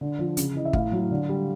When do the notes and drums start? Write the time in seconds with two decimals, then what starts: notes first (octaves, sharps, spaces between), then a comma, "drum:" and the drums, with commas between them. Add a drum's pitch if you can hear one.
0.01 D3
0.19 F3
0.37 C#3, drum: hi-hat
0.55 E3 D#5
0.65 E5
0.73 A2 F5, drum: kick
0.92 F#3
1.11 D3
1.29 G3